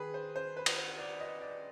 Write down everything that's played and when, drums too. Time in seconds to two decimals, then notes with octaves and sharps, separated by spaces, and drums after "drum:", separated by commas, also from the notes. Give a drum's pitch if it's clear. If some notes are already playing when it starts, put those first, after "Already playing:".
Already playing: D#3 G#4 B4
0.14 C5
0.36 C5
0.57 B4
0.66 drum: cymbal
0.78 C5
0.99 D5
1.20 D#5
1.41 D5